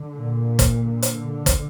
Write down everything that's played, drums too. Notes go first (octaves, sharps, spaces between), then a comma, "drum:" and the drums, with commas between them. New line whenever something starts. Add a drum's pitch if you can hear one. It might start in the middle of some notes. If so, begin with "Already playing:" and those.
Already playing: D3
A#2
drum: kick, hi-hat
D3
drum: hi-hat
drum: kick, hi-hat